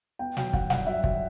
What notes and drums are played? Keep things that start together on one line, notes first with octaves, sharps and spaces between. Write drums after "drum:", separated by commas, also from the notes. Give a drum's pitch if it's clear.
B3 G5
F#3 G5, drum: snare
F#3 F#5, drum: kick
G2 F#5, drum: snare
F#3 E5
F#3, drum: kick